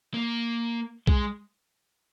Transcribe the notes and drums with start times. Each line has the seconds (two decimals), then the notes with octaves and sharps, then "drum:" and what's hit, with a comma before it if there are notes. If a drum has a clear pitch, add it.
0.14 A#3
1.07 G#3, drum: kick B1